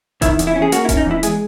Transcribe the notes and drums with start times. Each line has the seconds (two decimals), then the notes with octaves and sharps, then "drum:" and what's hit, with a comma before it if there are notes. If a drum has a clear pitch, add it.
0.22 D#3 E4, drum: kick D#1, hi-hat
0.39 E2, drum: hi-hat
0.47 E4
0.56 C#4
0.62 G#4
0.72 A#3 F#4, drum: hi-hat
0.85 E4
0.89 C#4, drum: kick D#1, hi-hat
0.97 D#4
1.06 E2 E4
1.23 G#3 G#4, drum: hi-hat